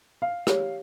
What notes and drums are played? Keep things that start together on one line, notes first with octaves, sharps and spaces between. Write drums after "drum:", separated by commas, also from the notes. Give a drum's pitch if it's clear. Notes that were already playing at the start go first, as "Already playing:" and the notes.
F5
G4 C#5, drum: rim click